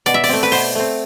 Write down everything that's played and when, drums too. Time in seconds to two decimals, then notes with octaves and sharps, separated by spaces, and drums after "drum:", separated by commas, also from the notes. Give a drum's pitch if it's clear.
0.06 B2 D5, drum: hi-hat
0.14 E5
0.24 D5, drum: open hi-hat
0.29 A3 C4
0.43 B4
0.52 B2 C5, drum: open hi-hat
0.75 A3 C4